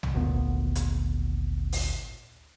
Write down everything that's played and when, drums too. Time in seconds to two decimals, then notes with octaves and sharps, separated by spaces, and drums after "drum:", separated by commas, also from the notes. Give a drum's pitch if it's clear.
0.03 drum: tom A#1
0.14 G#1 D2 A#2 B3
0.75 drum: hi-hat
1.72 drum: open hi-hat